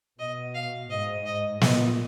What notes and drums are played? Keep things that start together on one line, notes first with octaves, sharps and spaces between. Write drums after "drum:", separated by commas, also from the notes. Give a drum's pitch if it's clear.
B2 D#5
F5
G#2 D#5
D#5
A#2 D#5, drum: snare